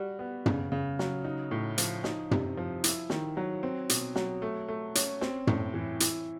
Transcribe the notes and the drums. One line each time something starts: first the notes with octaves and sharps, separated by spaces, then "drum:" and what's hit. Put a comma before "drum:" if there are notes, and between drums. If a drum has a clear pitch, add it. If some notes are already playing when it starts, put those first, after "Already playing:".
Already playing: G3 F#4
B3
C#3, drum: tom
C#3
F#3, drum: snare
D#4
A2
F3, drum: hi-hat
D#4, drum: snare
C3, drum: tom
F3
E4, drum: hi-hat
D#3, drum: snare
F#3
C4
B2, drum: hi-hat
F#3, drum: snare
A3
A3
C#4, drum: hi-hat
C4, drum: snare
A2, drum: tom
E3
E4, drum: hi-hat